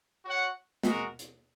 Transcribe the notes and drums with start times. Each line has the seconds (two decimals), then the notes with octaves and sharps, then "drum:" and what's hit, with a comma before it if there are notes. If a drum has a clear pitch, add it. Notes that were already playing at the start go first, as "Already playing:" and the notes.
0.25 F#4 C#5 F#5
0.83 G#3 F#4 A#4, drum: snare
1.19 drum: hi-hat